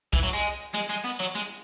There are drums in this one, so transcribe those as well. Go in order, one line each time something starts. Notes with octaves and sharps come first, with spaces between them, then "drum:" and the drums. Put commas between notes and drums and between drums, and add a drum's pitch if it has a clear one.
E3, drum: kick, cymbal
F#3
G#3
G#3, drum: cymbal
G#3
B3
F#3
G#3, drum: cymbal